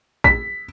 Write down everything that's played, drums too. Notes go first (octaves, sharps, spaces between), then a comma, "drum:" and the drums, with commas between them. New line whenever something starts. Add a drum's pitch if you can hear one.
B6, drum: kick